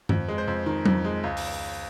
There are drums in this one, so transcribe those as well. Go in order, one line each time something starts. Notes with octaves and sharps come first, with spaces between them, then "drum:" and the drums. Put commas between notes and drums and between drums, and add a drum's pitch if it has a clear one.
F2, drum: tom
G#3
C5
F2
D#3
F2, drum: tom F#3
G#3
C#2
drum: open hi-hat